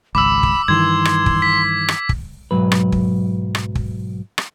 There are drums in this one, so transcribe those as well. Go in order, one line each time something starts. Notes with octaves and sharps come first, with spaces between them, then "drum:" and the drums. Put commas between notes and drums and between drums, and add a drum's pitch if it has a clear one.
G#1 C#2 B5 D6 E6
drum: kick
G2 D#3 E3 C6 G#6
drum: rim click
drum: kick
B6
drum: rim click
drum: kick
B1 G#2 F#3 B4
drum: rim click
drum: kick
drum: rim click
drum: kick
drum: rim click